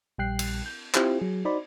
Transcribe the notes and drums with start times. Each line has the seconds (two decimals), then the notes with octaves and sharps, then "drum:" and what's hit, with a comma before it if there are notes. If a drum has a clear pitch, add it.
0.18 A#1 G3 G5 F#6 C7
0.39 drum: cymbal
0.66 G6
0.95 C4 E4 F4 G4 C5, drum: clap
1.19 F#3 G#4
1.45 D#4 F#4 C5 D5 B5